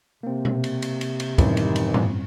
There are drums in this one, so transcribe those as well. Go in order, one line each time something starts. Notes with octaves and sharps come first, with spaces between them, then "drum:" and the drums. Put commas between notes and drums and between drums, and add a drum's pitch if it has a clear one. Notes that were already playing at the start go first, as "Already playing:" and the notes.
C3 A#3 C4
drum: tom B2
drum: cymbal
drum: cymbal
drum: cymbal
drum: cymbal
A1 F#2 D#3 G3 C4, drum: kick, cymbal
drum: cymbal
drum: cymbal
drum: tom G#2